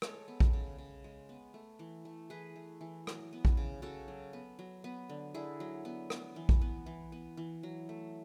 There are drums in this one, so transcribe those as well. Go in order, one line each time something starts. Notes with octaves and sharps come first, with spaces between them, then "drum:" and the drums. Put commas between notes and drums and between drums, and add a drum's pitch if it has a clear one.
G#3 A4 C#5, drum: rim click
B3
drum: kick A#1
C#3
C#3
G#3
B3
A3
E3
A3
E3 G#4 B4
A3
E3
F#3, drum: rim click
B3
drum: kick A#1
C#3
C#3 F#4 A4
F#3
B3
F#3
B3
D3
D3 E4 G#4
F#3
B3
B3, drum: rim click
E3
drum: kick A#1
B3
E3
B3
E3
F#3
A3